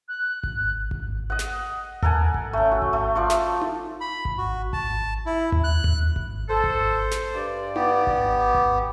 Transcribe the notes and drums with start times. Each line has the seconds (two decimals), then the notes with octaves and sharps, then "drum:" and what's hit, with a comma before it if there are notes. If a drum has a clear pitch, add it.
0.08 F#6
0.43 drum: kick G#1
0.91 drum: kick G#1
1.30 D#5 F#5
1.39 drum: snare
2.03 A4 A#4 F#5 G#5, drum: tom D#2
2.34 drum: kick G#1
2.53 A3 C#4
2.72 F#4
2.82 drum: kick G#1
2.93 A3
3.15 F3 D5 C#6
3.30 drum: snare
3.62 drum: tom D#4
4.01 B5
4.25 drum: kick G#1
4.38 F#4
4.73 A5, drum: kick G#1
5.26 E4
5.52 drum: tom D#2
5.64 F#6
5.84 drum: tom D#2
6.16 drum: kick G#1
6.49 A4 C5
6.64 drum: kick G#1
7.11 drum: snare
7.35 G2 D5
7.76 B3 G4, drum: tom D#4
8.07 drum: kick G#1
8.55 drum: kick G#1